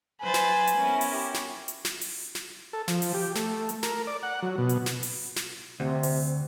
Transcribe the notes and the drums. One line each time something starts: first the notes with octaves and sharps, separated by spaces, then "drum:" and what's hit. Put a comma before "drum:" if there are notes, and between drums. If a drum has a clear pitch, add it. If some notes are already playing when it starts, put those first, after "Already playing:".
F#3 E4 B4 C5 G#5 A6
drum: snare
drum: hi-hat
B3 C#4 E4 A#4
drum: open hi-hat
G4
drum: snare
drum: hi-hat
drum: snare
drum: open hi-hat
drum: snare
A4
F3, drum: snare
drum: open hi-hat
G4
A3, drum: snare
drum: hi-hat
A#4, drum: snare
D5
F#5
F#3
B2
drum: hi-hat
drum: snare
drum: open hi-hat
drum: snare
D2 C3
drum: open hi-hat